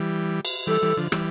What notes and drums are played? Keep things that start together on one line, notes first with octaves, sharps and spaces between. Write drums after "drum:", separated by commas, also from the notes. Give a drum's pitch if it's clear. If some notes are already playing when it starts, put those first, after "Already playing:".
Already playing: E3 G3
drum: cymbal
E3 G3 A4
E3 G3
D3 F3
E3 G3, drum: rim click